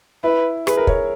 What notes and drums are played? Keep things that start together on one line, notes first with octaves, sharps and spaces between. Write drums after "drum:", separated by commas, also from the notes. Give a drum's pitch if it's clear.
E4 B4
G#4 B4, drum: rim click
A#4
C#5, drum: kick